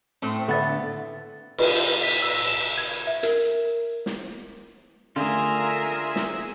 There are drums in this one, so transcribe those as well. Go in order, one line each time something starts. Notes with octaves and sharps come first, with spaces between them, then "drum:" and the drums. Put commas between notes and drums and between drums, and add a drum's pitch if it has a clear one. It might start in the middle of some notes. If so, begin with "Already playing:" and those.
A2 A3 C4
D3 B3 A4 E5 A6
B4, drum: cymbal
B6
E6
E7
G#6
E5
A#4, drum: hi-hat
drum: snare
D3 A3 F4 G#4 A#4 E5 A#5
drum: snare